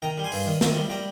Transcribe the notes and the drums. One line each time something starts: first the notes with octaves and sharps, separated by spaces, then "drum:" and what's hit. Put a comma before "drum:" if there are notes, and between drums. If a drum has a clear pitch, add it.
D#3 G5 A#5
G3
G#5 C6
G2, drum: open hi-hat
D#3
D#3, drum: snare
G3
G3 G5 A#5